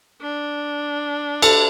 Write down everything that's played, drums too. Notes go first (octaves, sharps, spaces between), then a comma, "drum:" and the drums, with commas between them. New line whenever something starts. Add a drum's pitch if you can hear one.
D4
A4, drum: cymbal